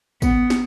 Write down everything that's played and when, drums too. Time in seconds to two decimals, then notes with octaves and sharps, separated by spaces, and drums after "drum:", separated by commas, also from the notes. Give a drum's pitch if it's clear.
0.22 B3, drum: kick, tambourine
0.50 drum: snare